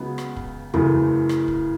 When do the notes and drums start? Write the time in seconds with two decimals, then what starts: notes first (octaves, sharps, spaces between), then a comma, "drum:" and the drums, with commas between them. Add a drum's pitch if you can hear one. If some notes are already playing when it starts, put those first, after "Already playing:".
Already playing: C#2 C#3 F#3 B3
0.18 drum: rim click
0.36 drum: kick
0.74 F#2 C#3 E3 A3, drum: tom E2
1.29 drum: rim click
1.48 drum: kick